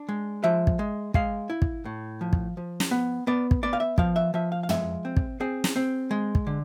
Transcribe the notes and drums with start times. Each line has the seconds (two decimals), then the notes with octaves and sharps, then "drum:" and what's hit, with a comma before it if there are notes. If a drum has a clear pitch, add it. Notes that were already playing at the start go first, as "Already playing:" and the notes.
Already playing: D4
0.09 G#3
0.44 F3 E5
0.67 drum: kick
0.79 G#3
1.14 G#3 F5, drum: kick
1.50 E4
1.62 drum: kick
1.85 A2
2.21 F3
2.33 drum: kick
2.57 F3
2.80 drum: snare
2.91 B3
3.27 B3 D5
3.51 drum: kick
3.63 B3 D5
3.73 F5
3.80 E5
3.98 F3 F5, drum: kick
4.16 E5
4.34 F3 E5
4.52 F5
4.63 F5
4.69 G#3 E5, drum: tom
5.05 C4
5.17 drum: kick
5.40 C4 G#4
5.64 drum: snare
5.76 C4
6.11 G#3
6.35 drum: kick
6.47 D3